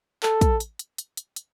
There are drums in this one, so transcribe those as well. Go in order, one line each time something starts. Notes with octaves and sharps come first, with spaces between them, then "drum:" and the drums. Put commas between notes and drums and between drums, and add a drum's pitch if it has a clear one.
A4, drum: clap
drum: kick, hi-hat
drum: hi-hat
drum: hi-hat
drum: hi-hat
drum: hi-hat
drum: hi-hat